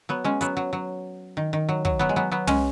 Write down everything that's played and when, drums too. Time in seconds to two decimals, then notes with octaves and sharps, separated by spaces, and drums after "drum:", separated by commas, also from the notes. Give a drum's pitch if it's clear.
0.09 F#3 B3
0.24 G#3 C#4
0.41 F#3 B3, drum: hi-hat
0.57 F#3
0.73 F#3
1.37 D#3
1.53 D#3
1.69 F#3
1.85 F#3, drum: kick
1.99 F#3 B3
2.09 G#3
2.16 F#3 B3
2.32 F#3 B3
2.47 G#3 C#4, drum: tom